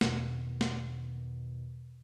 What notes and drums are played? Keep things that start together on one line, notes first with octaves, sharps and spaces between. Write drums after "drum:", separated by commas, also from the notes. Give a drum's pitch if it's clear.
E2 B2 D#3, drum: snare
drum: snare